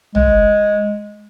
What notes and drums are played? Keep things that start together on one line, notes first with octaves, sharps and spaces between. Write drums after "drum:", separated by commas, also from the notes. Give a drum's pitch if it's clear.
G#3, drum: tom